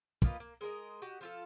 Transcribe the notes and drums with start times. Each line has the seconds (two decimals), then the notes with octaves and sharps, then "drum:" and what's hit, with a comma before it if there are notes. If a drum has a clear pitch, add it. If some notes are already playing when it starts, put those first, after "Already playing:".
0.22 A#3 D#4 F4 B4, drum: kick
0.40 A#3
0.61 G#3 A#4 D#5
1.02 F#4 G4 D#5
1.21 F3 F4 A4